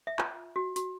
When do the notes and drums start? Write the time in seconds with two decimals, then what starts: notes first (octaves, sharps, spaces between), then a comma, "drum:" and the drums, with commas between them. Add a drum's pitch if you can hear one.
0.07 E5
0.19 F4, drum: clap
0.56 F#4
0.76 F#4, drum: hi-hat